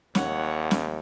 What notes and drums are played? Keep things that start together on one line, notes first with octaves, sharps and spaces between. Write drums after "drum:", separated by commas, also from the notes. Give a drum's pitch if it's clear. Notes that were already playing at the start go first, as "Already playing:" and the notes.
D#2 C#5 F#5, drum: snare
drum: snare